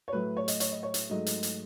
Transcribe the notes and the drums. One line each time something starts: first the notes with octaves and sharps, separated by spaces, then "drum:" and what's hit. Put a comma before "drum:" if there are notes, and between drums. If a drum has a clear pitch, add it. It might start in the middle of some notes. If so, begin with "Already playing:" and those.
C#5
A2 F#3 A3 B4
C#5
D#5, drum: hi-hat
C#5, drum: hi-hat
D#5
C#5
drum: hi-hat
G#2 F#3 A3 D#5
drum: hi-hat
drum: hi-hat